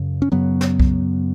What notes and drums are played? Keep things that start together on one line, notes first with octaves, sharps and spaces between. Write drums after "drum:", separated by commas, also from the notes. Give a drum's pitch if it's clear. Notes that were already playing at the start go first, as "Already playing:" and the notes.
Already playing: F#2 C#3
C#4
F#2 C#3 F#3 B3
drum: snare
drum: kick C2